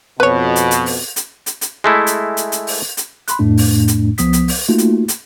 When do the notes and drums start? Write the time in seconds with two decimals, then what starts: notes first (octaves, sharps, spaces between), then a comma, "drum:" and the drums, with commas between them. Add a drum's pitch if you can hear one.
0.20 F2 B2 B4 C#5
0.56 drum: hi-hat
0.71 drum: hi-hat
0.86 drum: open hi-hat
1.16 drum: hi-hat
1.46 drum: hi-hat
1.61 drum: hi-hat
1.84 G#3 A3 E4
2.07 drum: hi-hat
2.37 drum: hi-hat
2.52 drum: hi-hat
2.67 drum: open hi-hat
2.97 drum: hi-hat
3.28 B5 C6 F#6, drum: hi-hat
3.39 F2 A2 A3 D4
3.57 drum: open hi-hat
3.88 drum: hi-hat
4.18 C2 F3 B3 D#6 B6, drum: hi-hat
4.33 drum: hi-hat
4.48 drum: open hi-hat
4.68 A3 A#3 D#4 F4 F#4
4.78 drum: hi-hat
5.08 drum: hi-hat